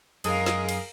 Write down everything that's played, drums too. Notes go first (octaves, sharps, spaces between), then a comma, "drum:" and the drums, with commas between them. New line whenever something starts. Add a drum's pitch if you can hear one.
F#2 G#3 G#4 A#4 F5, drum: cymbal
drum: snare
drum: cymbal